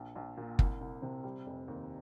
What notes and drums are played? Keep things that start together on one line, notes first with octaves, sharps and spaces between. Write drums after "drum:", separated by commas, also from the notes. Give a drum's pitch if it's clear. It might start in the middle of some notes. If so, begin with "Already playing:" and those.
Already playing: A#1
A#1
A#2
C2, drum: kick
C2
C3
G3
F1
D#2